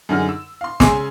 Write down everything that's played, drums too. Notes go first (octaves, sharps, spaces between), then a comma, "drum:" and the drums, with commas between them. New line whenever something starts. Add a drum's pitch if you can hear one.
F#2 D3 D#4 G#4 A#4 F6
E6
F5 C6
C#3 G#3 G#5 C6 E6, drum: snare